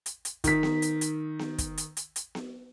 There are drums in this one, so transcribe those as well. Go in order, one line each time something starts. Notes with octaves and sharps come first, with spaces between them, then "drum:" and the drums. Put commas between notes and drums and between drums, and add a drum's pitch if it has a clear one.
drum: hi-hat
drum: hi-hat
D#3 B6, drum: kick, hi-hat
drum: snare B3
drum: hi-hat
drum: hi-hat
drum: snare B3
drum: kick, hi-hat
drum: hi-hat
drum: hi-hat
drum: hi-hat
drum: snare B3